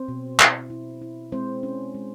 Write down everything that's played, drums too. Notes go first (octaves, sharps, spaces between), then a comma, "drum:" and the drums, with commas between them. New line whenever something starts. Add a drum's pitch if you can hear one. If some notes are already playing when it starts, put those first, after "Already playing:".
Already playing: C4 C5
B2
E4, drum: clap
E4
E4
G#3 C4 C5
C#4
G#3